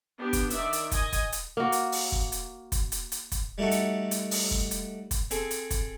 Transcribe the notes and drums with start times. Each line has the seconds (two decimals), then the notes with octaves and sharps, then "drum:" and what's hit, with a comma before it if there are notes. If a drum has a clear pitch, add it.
0.18 B3 D4 G4
0.33 drum: kick, hi-hat
0.50 D#3 D5 E5, drum: hi-hat
0.73 drum: hi-hat
0.91 D#5 G#5, drum: kick, hi-hat
1.13 drum: kick, hi-hat
1.32 drum: hi-hat
1.57 A#3 F#4
1.72 drum: hi-hat
1.92 drum: open hi-hat
2.12 drum: kick
2.32 drum: hi-hat
2.72 drum: kick, hi-hat
2.92 drum: hi-hat
3.12 drum: hi-hat
3.32 drum: kick, hi-hat
3.58 G3 A3 D#4 F#4 A4
3.71 drum: hi-hat
4.11 drum: hi-hat
4.31 drum: open hi-hat
4.51 drum: kick
4.71 drum: hi-hat
5.11 drum: kick, hi-hat
5.31 C4 G#4 A4, drum: hi-hat
5.51 drum: hi-hat
5.71 drum: kick, hi-hat